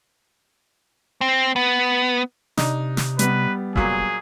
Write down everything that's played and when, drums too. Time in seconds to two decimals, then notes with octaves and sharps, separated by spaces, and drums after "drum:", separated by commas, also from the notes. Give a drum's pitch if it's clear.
1.21 C4
1.56 B3
2.57 C3 D4 D#4, drum: snare
2.97 drum: snare
3.19 G3 B3 B4, drum: hi-hat
3.76 F1 A#2 F#3 G#4, drum: kick F1